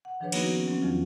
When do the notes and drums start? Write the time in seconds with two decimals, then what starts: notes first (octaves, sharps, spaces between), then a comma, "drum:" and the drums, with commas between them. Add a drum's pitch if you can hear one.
0.05 F#5
0.20 D#3 F3 D4 G#4 B4 C#5
0.32 A#3 B3 D#4 F#4 A#6, drum: cymbal
0.52 C#4
0.68 F#3 C4 C#4
0.82 E2 D#3 F3 F4